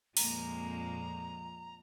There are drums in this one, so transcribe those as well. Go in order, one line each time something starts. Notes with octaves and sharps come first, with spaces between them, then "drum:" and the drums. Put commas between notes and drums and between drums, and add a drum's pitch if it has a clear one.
F2 A#2 F3 G#3 A#3 A#5, drum: open hi-hat